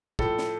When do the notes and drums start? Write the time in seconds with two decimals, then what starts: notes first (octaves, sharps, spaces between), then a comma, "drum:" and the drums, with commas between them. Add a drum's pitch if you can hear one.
0.19 A2 F3 A4, drum: kick
0.38 drum: snare